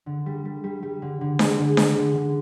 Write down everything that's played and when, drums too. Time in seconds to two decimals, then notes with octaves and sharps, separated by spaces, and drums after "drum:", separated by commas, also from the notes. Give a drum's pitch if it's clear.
0.06 D3
0.26 G3
0.45 G3
0.64 G3
0.83 G3
1.02 D3
1.21 D3
1.39 G#3, drum: snare D4
1.59 D3
1.77 G#3, drum: snare D4
1.97 D3
2.15 D3